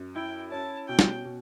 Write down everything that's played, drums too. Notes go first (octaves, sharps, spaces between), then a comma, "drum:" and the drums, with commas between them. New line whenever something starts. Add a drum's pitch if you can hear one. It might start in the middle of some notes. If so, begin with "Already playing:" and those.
Already playing: F#2
E4 G5
C#4 A5
B2 G5
drum: snare
B2